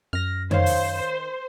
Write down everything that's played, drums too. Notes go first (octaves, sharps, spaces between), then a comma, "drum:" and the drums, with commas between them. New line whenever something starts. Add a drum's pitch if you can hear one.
F#2 F6 A#6
D#3 C5 C#5 F5, drum: tom F2
drum: open hi-hat